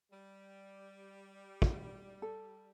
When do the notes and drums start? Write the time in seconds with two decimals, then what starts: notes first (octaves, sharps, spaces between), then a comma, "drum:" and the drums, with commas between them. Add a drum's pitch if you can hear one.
0.11 G3
1.62 drum: kick
2.22 A4